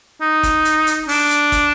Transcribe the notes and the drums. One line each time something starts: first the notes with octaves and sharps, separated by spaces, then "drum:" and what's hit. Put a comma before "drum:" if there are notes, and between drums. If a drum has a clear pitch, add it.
D#4
drum: kick, hi-hat
drum: hi-hat
drum: hi-hat
D4, drum: open hi-hat
drum: hi-hat
drum: kick, hi-hat